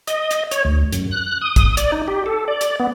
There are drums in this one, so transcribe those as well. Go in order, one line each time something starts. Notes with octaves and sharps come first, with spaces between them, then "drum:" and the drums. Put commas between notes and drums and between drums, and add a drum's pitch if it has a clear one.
D#5, drum: hi-hat
drum: hi-hat
C#5, drum: hi-hat
D2
F#2, drum: hi-hat
F#6
D#6
drum: kick, hi-hat
D5, drum: hi-hat
D#4
G4
A4
D5
drum: hi-hat
B3